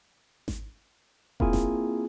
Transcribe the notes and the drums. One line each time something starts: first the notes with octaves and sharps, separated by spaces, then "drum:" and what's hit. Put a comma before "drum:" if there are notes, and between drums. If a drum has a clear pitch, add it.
drum: snare G#1
A#3 C4 E4 F4 G#4 G#5, drum: kick E1
drum: snare G#1